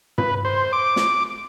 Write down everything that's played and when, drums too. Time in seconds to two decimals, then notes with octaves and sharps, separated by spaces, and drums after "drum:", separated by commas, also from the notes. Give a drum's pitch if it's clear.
0.18 B4, drum: tom
0.45 C5
0.73 D6
0.96 drum: snare